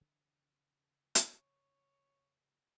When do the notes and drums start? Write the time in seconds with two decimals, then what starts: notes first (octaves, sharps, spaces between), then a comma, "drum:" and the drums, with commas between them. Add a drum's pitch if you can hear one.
0.01 C#3 E3 F3
1.15 drum: hi-hat
1.28 C#5